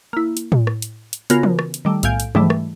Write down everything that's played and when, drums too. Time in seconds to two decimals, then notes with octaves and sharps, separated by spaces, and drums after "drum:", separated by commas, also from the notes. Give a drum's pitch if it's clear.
0.13 A#3 E4
0.37 drum: hi-hat
0.52 drum: tom A2
0.67 drum: rim click
0.82 drum: hi-hat
1.13 drum: hi-hat
1.30 C#3 B3 F4 F#4 A#4, drum: hi-hat
1.43 drum: tom E3
1.59 drum: rim click
1.74 drum: hi-hat
1.85 D#3 G3 A3
2.03 B1 A2 F5 G#5 G6 D7, drum: hi-hat
2.20 drum: hi-hat
2.35 G#2 D3 E3 G3 A3, drum: tom E3
2.50 drum: rim click